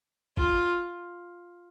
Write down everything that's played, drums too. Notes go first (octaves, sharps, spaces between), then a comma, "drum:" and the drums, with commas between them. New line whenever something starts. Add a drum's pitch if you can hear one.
F4, drum: kick G1